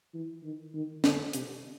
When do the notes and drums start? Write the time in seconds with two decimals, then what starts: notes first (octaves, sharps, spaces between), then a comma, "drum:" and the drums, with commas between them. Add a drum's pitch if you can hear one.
0.14 E3
0.44 D#3
0.74 D#3
1.04 D3, drum: snare
1.33 C3, drum: hi-hat